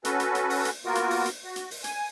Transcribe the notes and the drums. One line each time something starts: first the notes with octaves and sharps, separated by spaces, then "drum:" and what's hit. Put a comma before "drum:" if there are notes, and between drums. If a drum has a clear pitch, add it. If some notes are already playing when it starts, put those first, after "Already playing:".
C#4 F#4 A4 B4, drum: hi-hat
drum: hi-hat
drum: hi-hat
drum: open hi-hat
drum: hi-hat
A#3 B3 F4 F#4 A#4
drum: hi-hat
drum: open hi-hat
drum: hi-hat
F#4
drum: hi-hat
drum: open hi-hat
G#5, drum: hi-hat